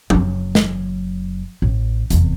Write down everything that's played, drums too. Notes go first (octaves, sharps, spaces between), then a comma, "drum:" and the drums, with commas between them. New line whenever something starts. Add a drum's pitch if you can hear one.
F#1 F#3, drum: tom F3
drum: snare
A1
F1 E2, drum: hi-hat